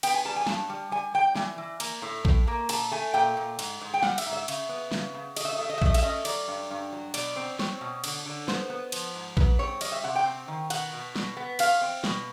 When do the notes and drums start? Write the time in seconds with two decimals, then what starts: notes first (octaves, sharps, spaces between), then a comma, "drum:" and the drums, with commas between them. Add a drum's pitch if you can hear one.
0.03 B3 G5, drum: cymbal
0.14 G#5
0.25 G3 A5
0.36 G#5
0.47 G2 A5, drum: snare
0.70 G3
0.91 G3 G#5
1.14 G3 G5
1.35 E3 G#5, drum: snare
1.58 E3
1.80 A#3, drum: cymbal
2.02 A2
2.25 A2, drum: kick A#1
2.47 A#3
2.69 A#2 A5, drum: cymbal
2.91 A3 G#5
3.14 A#2 G5
3.37 A#2
3.59 G#2, drum: cymbal
3.81 G#2
3.94 G5
4.03 G3 F#5, drum: snare
4.18 E5, drum: cymbal
4.26 G#2
4.33 E5
4.48 C#3, drum: cymbal
4.69 B3
4.92 C#3, drum: snare
5.14 C#3
5.36 A3 D#5, drum: cymbal
5.45 E5
5.53 D#5
5.59 A3 E5
5.70 D#5
5.78 E5
5.82 A3 D#5, drum: kick A#1
5.94 E5, drum: cymbal
6.03 C#4 D#5
6.25 F#3 D5, drum: cymbal
6.48 G2
6.70 G2
6.92 F#3
7.14 B2 D5, drum: cymbal
7.36 C4
7.59 C4 C#5, drum: snare
7.81 B2
8.04 D3, drum: cymbal
8.26 D3
8.48 B3 C5, drum: snare
8.70 B3
8.92 F3, drum: cymbal
9.15 G#2
9.37 G#2 B4, drum: kick A#1
9.59 C4 C#5
9.81 G3 D#5, drum: cymbal
9.92 E5
10.04 C3 F#5
10.15 G5
10.26 C4
10.48 D#3
10.70 B2 F#5, drum: cymbal
10.93 B2
11.16 B2, drum: snare
11.37 B3
11.59 E2 F5, drum: cymbal
11.81 C4
12.04 B2, drum: snare